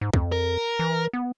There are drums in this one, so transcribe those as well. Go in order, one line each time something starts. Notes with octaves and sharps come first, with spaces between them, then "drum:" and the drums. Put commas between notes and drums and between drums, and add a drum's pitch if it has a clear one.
G#2
F2, drum: kick
A#4
E3
B3